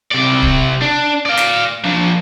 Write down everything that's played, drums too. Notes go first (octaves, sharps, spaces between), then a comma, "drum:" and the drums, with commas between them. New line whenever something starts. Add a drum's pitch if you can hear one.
C3 D5
drum: kick
D4
D5 F5
drum: snare
F3 D4